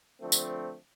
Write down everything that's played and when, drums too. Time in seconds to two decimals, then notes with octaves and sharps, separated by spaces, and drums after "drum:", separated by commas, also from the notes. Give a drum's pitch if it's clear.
0.20 D3 F3 A3 C4
0.32 drum: tambourine